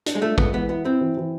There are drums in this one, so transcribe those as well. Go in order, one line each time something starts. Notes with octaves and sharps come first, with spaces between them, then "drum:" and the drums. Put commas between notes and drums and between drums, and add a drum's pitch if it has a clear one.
D4, drum: hi-hat
G#3
A3 F4
G#3 B3, drum: kick
E3 B3
B3 E4
C4 E4
E3
E3